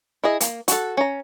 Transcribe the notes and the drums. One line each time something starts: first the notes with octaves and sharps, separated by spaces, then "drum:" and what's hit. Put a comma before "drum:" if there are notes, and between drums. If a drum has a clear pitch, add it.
E4 G#4 D#5
A#3, drum: hi-hat
F#4 A4, drum: hi-hat
C#4 A#5